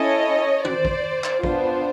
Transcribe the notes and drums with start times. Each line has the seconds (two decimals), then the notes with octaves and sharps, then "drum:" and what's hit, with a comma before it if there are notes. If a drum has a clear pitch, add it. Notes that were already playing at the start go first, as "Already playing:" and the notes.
Already playing: C#4 E4 A4 C#5 D#5
0.65 C5 D5, drum: tom
0.85 drum: kick
1.24 drum: clap
1.44 B3 D4 F4 C5, drum: kick